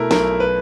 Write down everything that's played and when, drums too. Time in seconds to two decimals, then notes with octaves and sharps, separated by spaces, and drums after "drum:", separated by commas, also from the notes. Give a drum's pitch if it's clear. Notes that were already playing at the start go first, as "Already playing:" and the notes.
Already playing: B2 A3 E4 A#4
0.11 B1 A#4, drum: snare
0.40 B4